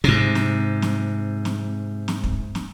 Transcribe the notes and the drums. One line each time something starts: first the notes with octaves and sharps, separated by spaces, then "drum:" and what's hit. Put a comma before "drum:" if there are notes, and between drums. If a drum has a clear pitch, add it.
G#2 C3, drum: snare
drum: snare
drum: snare
drum: snare
drum: snare
drum: kick
drum: snare